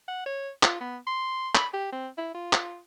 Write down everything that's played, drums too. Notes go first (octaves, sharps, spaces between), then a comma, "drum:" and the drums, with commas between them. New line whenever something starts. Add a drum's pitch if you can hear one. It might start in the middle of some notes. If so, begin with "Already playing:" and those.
F#5
C#5
F4, drum: clap
B3
C6
B5, drum: clap
G4
C4
E4
F4
drum: clap